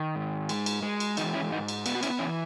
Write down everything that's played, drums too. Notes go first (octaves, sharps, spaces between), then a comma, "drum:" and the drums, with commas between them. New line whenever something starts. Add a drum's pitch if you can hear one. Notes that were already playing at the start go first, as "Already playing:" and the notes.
Already playing: D#3
G#2
G#3, drum: cymbal
drum: cymbal
G#3
drum: cymbal
E3 D#4, drum: cymbal
C#4 E4
G#2 D#4
drum: cymbal
B3, drum: cymbal
F#4
C#4 E4, drum: cymbal
E3 C#4 E4